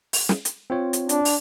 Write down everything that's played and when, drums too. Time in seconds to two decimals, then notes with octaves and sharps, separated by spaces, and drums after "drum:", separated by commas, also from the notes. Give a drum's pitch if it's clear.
0.13 drum: open hi-hat
0.29 drum: snare
0.45 drum: hi-hat
0.70 C4 F4 C#5
0.93 drum: hi-hat
1.09 D4, drum: hi-hat
1.25 drum: open hi-hat